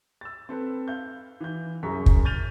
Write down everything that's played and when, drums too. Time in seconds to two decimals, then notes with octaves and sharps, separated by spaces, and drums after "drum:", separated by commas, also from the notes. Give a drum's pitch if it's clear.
0.21 E6 A6
0.49 C4 A4 B4
0.88 F5 G6
1.40 E3 G6
1.83 C2 F#2 G#4 A#5 C#6 B6
2.06 drum: kick
2.25 F6 G6 A6 D#7 F7